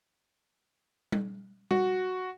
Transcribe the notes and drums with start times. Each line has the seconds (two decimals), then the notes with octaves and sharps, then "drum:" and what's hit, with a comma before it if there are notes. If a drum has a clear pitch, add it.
1.12 drum: tom G3
1.71 F#4, drum: tom G3